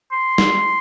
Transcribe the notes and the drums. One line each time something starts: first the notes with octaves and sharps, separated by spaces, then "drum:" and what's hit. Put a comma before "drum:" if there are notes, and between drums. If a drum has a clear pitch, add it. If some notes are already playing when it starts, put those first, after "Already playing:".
C6
drum: snare